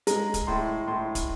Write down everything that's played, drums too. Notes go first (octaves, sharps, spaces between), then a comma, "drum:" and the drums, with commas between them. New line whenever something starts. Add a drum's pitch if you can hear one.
G#3 A#5, drum: hi-hat
drum: kick, hi-hat
A2 C6
A2 C6
drum: kick, hi-hat